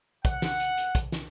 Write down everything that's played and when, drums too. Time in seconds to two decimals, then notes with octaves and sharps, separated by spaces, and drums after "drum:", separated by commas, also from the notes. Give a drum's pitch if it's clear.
0.25 F#5, drum: kick, hi-hat
0.42 drum: snare
0.60 drum: hi-hat
0.77 drum: hi-hat
0.95 drum: kick, hi-hat
1.12 drum: snare